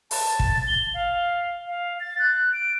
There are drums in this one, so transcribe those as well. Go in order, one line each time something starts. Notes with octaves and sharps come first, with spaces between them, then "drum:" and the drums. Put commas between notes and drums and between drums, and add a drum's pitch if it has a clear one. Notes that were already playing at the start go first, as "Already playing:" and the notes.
A5, drum: open hi-hat
drum: kick
A6
G7
F5
F5
A6
F#6
D7